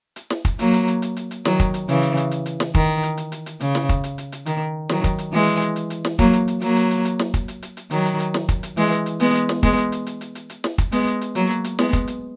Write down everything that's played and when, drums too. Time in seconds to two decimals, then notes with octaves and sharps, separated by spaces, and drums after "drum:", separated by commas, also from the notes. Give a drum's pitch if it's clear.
0.16 drum: hi-hat
0.30 drum: snare
0.45 drum: kick, hi-hat
0.59 F#3 A#3, drum: hi-hat
0.73 drum: hi-hat
0.88 drum: hi-hat
1.02 drum: hi-hat
1.16 drum: hi-hat
1.31 drum: hi-hat
1.45 D#3 F#3, drum: snare
1.60 drum: kick, hi-hat
1.74 drum: hi-hat
1.89 C#3 E3, drum: hi-hat
2.03 drum: hi-hat
2.17 drum: hi-hat
2.31 drum: hi-hat
2.46 drum: hi-hat
2.60 drum: snare
2.75 D#3, drum: kick, hi-hat
3.03 drum: hi-hat
3.17 drum: hi-hat
3.32 drum: hi-hat
3.46 drum: hi-hat
3.60 C#3, drum: hi-hat
3.75 drum: snare
3.89 drum: kick, hi-hat
4.04 drum: hi-hat
4.18 drum: hi-hat
4.32 drum: hi-hat
4.46 D#3, drum: hi-hat
4.89 D#3 F#3, drum: snare
5.04 drum: kick, hi-hat
5.18 drum: hi-hat
5.32 E3 G#3
5.47 drum: hi-hat
5.61 drum: hi-hat
5.76 drum: hi-hat
5.90 drum: hi-hat
6.05 drum: snare
6.19 F#3 A#3, drum: kick, hi-hat
6.33 drum: hi-hat
6.48 drum: hi-hat
6.62 F#3 A#3, drum: hi-hat
6.76 drum: hi-hat
6.91 drum: hi-hat
7.05 drum: hi-hat
7.19 drum: snare
7.34 drum: kick, hi-hat
7.48 drum: hi-hat
7.62 drum: hi-hat
7.77 drum: hi-hat
7.91 D#3 F#3, drum: hi-hat
8.06 drum: hi-hat
8.20 drum: hi-hat
8.34 drum: snare
8.49 drum: kick, hi-hat
8.63 drum: hi-hat
8.77 E3 G#3, drum: hi-hat
8.92 drum: hi-hat
9.06 drum: hi-hat
9.20 G#3 B3, drum: hi-hat
9.35 drum: hi-hat
9.49 drum: snare
9.63 G#3 B3, drum: kick, hi-hat
9.78 drum: hi-hat
9.92 drum: hi-hat
10.07 drum: hi-hat
10.21 drum: hi-hat
10.35 drum: hi-hat
10.50 drum: hi-hat
10.64 drum: snare
10.78 drum: kick, hi-hat
10.92 G#3 B3, drum: hi-hat
11.07 drum: hi-hat
11.21 drum: hi-hat
11.35 F#3 A#3, drum: hi-hat
11.50 drum: hi-hat
11.64 drum: hi-hat
11.79 G#3 B3, drum: snare
11.93 drum: kick, hi-hat
12.07 drum: hi-hat